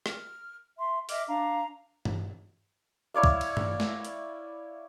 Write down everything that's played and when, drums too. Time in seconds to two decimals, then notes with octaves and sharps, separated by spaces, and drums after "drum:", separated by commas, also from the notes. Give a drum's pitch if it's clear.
0.06 F6, drum: rim click
0.78 E5 C6
1.09 D#5 E5 D6 F6, drum: open hi-hat
1.27 D4 F5 A#5
2.05 drum: tom G2
3.14 E4 C#5 D5 F5
3.24 drum: kick
3.41 drum: cymbal
3.57 drum: tom G2
3.80 drum: snare
4.05 drum: hi-hat